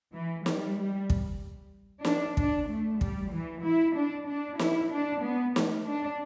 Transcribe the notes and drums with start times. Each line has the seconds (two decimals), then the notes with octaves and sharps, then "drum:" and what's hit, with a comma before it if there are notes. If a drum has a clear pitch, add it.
0.14 E3
0.46 G3, drum: snare
0.78 G3
1.10 drum: kick
2.05 D4, drum: snare
2.37 D4, drum: kick
2.69 A3
3.01 G3, drum: kick
3.33 E3
3.64 E4
3.96 D4
4.28 D4
4.59 E4, drum: snare
4.92 D4
5.24 B3
5.56 A3, drum: snare
5.87 D4